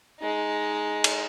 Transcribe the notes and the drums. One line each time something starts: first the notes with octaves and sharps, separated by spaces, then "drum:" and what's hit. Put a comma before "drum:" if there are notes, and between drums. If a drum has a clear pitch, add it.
G#3 D#4
drum: cymbal